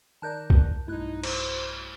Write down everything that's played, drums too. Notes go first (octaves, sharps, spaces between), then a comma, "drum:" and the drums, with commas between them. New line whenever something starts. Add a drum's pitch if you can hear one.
D#3 A#4 D5 A5 F#6 G6
drum: kick
B1 G2 A3 D#4 E4 F#6
C5, drum: cymbal